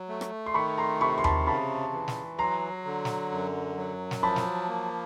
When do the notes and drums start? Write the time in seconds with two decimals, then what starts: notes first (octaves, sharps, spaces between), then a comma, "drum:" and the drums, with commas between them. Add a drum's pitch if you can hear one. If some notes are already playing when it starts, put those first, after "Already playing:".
Already playing: F#3
0.09 A3
0.21 drum: rim click
0.46 C6
0.54 D#3 B5 C#6
0.78 A#5 C6
1.01 C3 B5 C#6
1.18 C6
1.24 A5 B5, drum: tom D#2
1.46 C#3 A5 B5
1.93 E3
2.08 drum: snare
2.39 F#3 A#5 C6
2.85 D3
3.05 drum: snare
3.31 F#2
3.77 F#3
4.11 drum: snare
4.23 F3 A5 B5
4.36 drum: snare
4.69 A#3